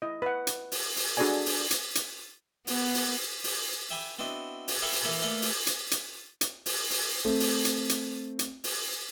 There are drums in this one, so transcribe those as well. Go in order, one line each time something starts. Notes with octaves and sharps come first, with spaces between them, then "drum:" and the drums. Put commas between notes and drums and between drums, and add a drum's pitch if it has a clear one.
E4 D#5
B4 F#5
drum: hi-hat
drum: open hi-hat
drum: open hi-hat
D4 F#4 G#4 A4 D5 G#5
drum: open hi-hat
drum: hi-hat
drum: hi-hat
B3, drum: open hi-hat
drum: open hi-hat
drum: open hi-hat
E5 G5 G#5 B5 D6
B3 C4 D4 E4 F#4 D#5
drum: open hi-hat
A4 B4 E5 F5 G5 C#6
drum: open hi-hat
E3 A#3 A4 B4 A#5 B5
A3 A#3 A4 B4 D5 F5
drum: open hi-hat
drum: hi-hat
drum: hi-hat
drum: hi-hat
drum: open hi-hat
drum: open hi-hat
A3 C4
drum: open hi-hat
drum: hi-hat
drum: hi-hat
drum: hi-hat
drum: open hi-hat